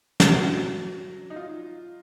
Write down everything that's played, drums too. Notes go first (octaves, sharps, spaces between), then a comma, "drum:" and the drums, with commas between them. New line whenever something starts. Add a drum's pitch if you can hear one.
F#3, drum: snare
D#4
F4